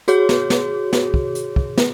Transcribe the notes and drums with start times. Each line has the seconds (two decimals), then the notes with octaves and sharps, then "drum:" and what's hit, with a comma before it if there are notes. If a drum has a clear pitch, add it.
0.08 F#4 G#4 C#5, drum: hi-hat
0.29 drum: snare
0.50 drum: snare
0.93 drum: snare
1.14 drum: kick
1.35 drum: hi-hat
1.56 drum: kick
1.78 drum: snare